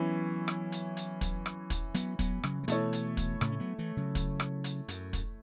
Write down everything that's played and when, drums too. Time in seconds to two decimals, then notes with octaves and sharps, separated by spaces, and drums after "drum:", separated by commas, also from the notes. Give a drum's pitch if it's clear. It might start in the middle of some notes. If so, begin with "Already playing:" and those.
Already playing: E3 F#3 B3 C#4 E4
0.48 drum: rim click
0.72 drum: hi-hat
0.97 drum: hi-hat
1.21 drum: kick, hi-hat
1.46 drum: rim click
1.70 drum: kick, hi-hat
1.94 F#3 B3, drum: hi-hat
2.19 F#3 B3, drum: kick, hi-hat
2.43 C#3 F#3, drum: rim click
2.63 F#3
2.68 B2 E3 A3 E4 A4 C#5, drum: hi-hat
2.93 drum: hi-hat
3.17 drum: kick, hi-hat
3.41 A2 C#3, drum: rim click
3.52 C#4
3.60 F#3 B3
3.78 E3 A3
3.97 C#3 F#3
4.15 drum: kick, hi-hat
4.40 drum: rim click
4.64 drum: hi-hat
4.88 F#2, drum: hi-hat
5.13 drum: kick, hi-hat